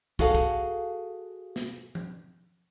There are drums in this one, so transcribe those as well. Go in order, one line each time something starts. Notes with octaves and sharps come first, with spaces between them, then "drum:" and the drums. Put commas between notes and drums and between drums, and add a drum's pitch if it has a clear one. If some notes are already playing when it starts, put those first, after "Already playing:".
F#4 G#4 A4 F5, drum: kick
drum: kick
drum: snare
drum: tom F3